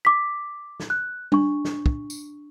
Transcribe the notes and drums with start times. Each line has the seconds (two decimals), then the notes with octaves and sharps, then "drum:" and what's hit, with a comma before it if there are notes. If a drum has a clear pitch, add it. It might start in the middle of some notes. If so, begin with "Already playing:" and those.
0.05 D6 B6
0.80 drum: snare
0.90 F#6
1.32 D4 C#6, drum: tom
1.65 drum: snare
1.86 drum: kick
2.10 drum: tambourine